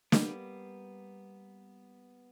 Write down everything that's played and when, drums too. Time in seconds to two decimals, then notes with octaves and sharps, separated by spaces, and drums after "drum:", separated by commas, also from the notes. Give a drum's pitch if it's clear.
0.12 G3 A#3 B3, drum: snare